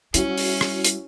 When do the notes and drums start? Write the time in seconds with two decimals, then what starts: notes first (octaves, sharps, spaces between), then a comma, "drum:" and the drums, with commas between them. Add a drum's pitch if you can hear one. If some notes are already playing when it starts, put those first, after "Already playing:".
0.14 G3 C#4 E4 F#4, drum: hi-hat
0.38 drum: open hi-hat
0.61 drum: rim click
0.85 drum: hi-hat